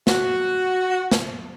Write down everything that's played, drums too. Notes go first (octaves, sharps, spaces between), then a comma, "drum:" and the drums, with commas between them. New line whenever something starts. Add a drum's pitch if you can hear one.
F#4, drum: snare
drum: snare